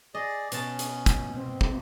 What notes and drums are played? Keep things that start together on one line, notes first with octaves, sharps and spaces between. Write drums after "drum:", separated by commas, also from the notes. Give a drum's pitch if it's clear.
G#4 D5 D#5
B2 C#4 A5, drum: hi-hat
drum: hi-hat
drum: kick, hi-hat
C4
drum: kick